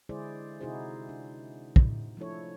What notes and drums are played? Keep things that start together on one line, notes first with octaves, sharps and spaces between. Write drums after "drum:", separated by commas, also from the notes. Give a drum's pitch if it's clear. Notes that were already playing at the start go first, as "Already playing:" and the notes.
D3 G#3 E4 G#4 C5 D5
C3 D#4 E4 F#4 G#4 C5
D4
drum: kick
F3 A3 D4 E4 A4 C#5